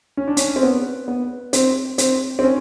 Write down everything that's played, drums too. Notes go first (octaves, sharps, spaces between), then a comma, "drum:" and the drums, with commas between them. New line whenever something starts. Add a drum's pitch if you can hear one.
C#4
D4
C#4, drum: hi-hat
C4
B3
B3
C4, drum: hi-hat
C4, drum: hi-hat
C4
C#4